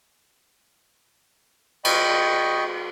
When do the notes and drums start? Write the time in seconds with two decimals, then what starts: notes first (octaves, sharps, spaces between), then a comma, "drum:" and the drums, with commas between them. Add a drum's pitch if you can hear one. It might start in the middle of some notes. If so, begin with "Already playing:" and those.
1.85 D#5 G5 B5 C#6, drum: cymbal